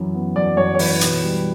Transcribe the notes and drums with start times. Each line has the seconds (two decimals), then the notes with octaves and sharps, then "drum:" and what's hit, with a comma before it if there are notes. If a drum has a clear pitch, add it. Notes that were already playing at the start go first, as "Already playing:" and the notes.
Already playing: F#2 E3
0.14 B3
0.36 F#2 D5
0.57 F#2 C#5
0.75 C#5
0.79 E3 B4, drum: open hi-hat
1.01 B2, drum: hi-hat
1.23 G3